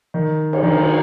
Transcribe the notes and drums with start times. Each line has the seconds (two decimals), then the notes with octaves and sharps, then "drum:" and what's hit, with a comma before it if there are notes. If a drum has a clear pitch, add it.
0.14 D#3
0.53 drum: cymbal
0.63 D#3
0.79 F#3